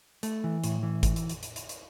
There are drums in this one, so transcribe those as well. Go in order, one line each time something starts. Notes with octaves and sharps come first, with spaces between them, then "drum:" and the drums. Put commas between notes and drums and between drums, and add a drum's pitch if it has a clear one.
A3, drum: hi-hat
E3
A2, drum: hi-hat
E3
drum: kick G#1, hi-hat
drum: hi-hat
drum: hi-hat
drum: hi-hat
drum: hi-hat
drum: hi-hat